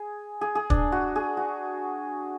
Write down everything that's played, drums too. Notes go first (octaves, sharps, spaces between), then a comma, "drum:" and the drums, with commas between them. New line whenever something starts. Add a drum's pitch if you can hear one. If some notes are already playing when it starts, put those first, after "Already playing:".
Already playing: G#4
G#4
G#4
D4, drum: kick
F#4
G#4
F#4